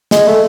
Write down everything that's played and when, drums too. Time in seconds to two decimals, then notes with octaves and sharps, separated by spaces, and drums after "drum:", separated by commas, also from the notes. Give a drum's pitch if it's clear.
0.11 G#3, drum: snare
0.27 A3